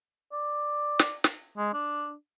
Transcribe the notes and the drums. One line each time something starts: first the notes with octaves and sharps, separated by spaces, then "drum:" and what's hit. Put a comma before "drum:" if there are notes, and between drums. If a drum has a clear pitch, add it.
D5
drum: snare
drum: snare
G#3
D4